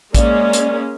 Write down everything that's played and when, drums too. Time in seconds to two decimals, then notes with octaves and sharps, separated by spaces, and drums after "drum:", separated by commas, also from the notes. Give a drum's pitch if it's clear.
0.15 G#3 A#3 C#4 D5, drum: kick, hi-hat
0.53 drum: hi-hat